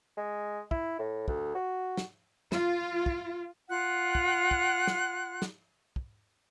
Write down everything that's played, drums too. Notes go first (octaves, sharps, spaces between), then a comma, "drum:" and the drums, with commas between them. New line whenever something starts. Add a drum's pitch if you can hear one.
G#3
E4, drum: kick
A2
D2, drum: kick
F#4
drum: snare
F4, drum: snare
drum: kick
F4 F#5 F#6
drum: kick
drum: kick
drum: snare
drum: snare
drum: kick